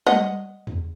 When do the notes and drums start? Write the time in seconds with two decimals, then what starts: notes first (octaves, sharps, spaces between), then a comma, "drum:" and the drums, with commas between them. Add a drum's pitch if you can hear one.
0.07 D#5 F#5, drum: tom G3
0.67 drum: tom E2